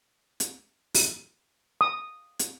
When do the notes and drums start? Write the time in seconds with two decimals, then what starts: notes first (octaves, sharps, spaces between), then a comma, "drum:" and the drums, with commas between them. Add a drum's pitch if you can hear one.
0.40 drum: hi-hat
0.94 drum: open hi-hat
1.81 D#6
2.39 drum: hi-hat